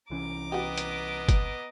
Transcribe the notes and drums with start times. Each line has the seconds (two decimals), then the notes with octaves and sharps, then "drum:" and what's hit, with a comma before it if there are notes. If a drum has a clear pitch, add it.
0.10 C2 E3 C#4 A#5 D6
0.52 B3 F#4 G4 D#5
0.78 drum: hi-hat
1.29 drum: kick, hi-hat